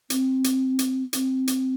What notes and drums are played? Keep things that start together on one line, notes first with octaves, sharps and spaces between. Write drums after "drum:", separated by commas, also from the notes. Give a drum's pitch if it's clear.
C4, drum: hi-hat
drum: hi-hat
drum: hi-hat
C4, drum: hi-hat
drum: hi-hat